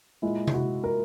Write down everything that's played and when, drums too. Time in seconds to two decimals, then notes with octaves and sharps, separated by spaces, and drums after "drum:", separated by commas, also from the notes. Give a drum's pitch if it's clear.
0.22 A#2 G#3 E4
0.47 E4, drum: tom C3
0.54 F#4
0.84 A#4